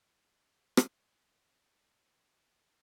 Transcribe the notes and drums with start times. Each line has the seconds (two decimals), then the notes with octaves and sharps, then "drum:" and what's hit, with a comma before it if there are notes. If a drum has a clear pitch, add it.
0.38 D4 F4 G5 B5
0.77 drum: rim click